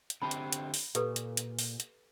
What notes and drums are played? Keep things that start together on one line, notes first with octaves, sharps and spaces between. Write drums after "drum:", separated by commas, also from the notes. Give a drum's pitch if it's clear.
drum: hi-hat
D3 C4 G4 A5 B5
drum: hi-hat
drum: hi-hat
drum: open hi-hat
A#2 G4 A4 B4, drum: hi-hat
drum: hi-hat
drum: hi-hat
drum: open hi-hat
drum: hi-hat